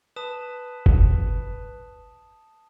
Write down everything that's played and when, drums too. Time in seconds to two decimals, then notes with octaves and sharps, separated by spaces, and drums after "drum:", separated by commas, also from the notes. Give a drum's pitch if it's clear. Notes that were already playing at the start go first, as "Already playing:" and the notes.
0.16 B4 A5 D#6 E7
0.86 drum: kick